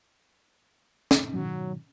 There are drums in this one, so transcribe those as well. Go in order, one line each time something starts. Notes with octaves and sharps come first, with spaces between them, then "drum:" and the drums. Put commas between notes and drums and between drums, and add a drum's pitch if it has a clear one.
drum: snare
G#2 B2 D#3 F#3